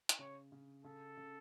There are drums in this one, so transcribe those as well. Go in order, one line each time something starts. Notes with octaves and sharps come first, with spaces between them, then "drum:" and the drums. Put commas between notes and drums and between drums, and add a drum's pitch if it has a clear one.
drum: hi-hat
C#3 C#5
C#3
C#3 A4
C#3